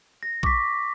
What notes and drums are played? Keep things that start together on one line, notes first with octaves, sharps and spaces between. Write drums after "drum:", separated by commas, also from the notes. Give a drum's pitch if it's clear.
A#6
C#6 D6 A#6 B6, drum: kick